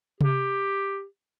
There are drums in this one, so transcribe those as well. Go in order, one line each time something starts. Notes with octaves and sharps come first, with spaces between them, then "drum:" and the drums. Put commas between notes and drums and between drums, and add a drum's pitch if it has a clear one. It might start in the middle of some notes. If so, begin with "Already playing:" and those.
G4, drum: tom C3